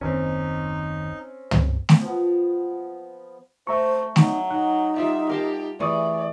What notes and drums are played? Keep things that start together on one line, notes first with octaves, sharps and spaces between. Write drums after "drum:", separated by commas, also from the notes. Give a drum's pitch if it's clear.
F#1 D#2 C4 C#4 D#4
drum: tom
drum: snare
F3 B3
A3 C5 E5 A#5 C#6
F#3 D#4, drum: snare
D#4 F#5
G3 F4 D5 E5
G4 A#4 F5 A5
E3 A3 G#4 D5 C#6 D#6